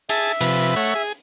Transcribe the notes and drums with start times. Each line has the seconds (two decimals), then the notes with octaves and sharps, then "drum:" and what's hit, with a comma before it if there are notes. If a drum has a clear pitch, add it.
0.09 G#4 E5 A5, drum: hi-hat
0.41 C3 F3 B4, drum: hi-hat
0.76 A3 C#5 F#5
0.95 G#4